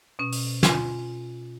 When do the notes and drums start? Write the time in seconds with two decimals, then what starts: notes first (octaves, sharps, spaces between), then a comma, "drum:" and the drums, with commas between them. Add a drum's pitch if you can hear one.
0.19 B2 C#4
0.32 drum: open hi-hat
0.63 F4 G#5 C6, drum: snare